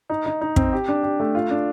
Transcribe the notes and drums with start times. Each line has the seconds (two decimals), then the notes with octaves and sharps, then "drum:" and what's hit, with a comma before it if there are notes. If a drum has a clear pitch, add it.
0.10 D#4
0.26 D#4
0.41 D#4
0.56 C4, drum: kick
0.73 G4
0.88 D4
1.03 G4
1.20 A3
1.35 F4
1.50 D4